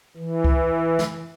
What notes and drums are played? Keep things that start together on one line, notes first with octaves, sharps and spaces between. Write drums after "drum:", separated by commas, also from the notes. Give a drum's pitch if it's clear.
E3
drum: kick C2
drum: snare